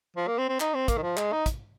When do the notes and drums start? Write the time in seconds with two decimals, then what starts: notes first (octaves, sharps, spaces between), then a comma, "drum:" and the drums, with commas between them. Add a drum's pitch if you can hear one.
0.16 F3
0.27 A#3
0.38 C4
0.49 C4
0.60 D#4, drum: clap
0.74 C4
0.88 A#3, drum: kick, hi-hat
0.98 D#3
1.03 F3
1.17 G#3, drum: clap
1.32 D#4
1.46 drum: kick, hi-hat